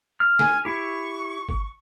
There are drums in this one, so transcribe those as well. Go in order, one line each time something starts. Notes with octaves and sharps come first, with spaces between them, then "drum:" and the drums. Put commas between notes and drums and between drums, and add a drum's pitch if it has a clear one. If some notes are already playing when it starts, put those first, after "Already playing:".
F6
G#5, drum: snare
E4 G4 C#6
drum: kick